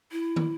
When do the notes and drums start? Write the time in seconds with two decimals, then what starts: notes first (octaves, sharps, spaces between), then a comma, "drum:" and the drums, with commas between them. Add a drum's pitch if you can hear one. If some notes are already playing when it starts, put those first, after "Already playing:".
0.12 E4
0.36 drum: tom